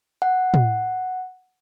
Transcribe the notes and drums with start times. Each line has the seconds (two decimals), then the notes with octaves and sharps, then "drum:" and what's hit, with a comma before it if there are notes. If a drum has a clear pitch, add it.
0.22 F#5
0.54 drum: tom